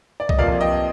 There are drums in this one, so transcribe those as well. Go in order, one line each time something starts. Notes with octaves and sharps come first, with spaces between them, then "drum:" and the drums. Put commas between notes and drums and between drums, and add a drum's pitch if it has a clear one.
D5
D#5, drum: kick C2
F2 C3 F3 A#3 D5 F5
D#5 G5